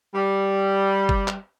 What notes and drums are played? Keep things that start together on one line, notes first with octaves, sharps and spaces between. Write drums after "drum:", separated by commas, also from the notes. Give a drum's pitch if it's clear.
G3
drum: kick G1
drum: clap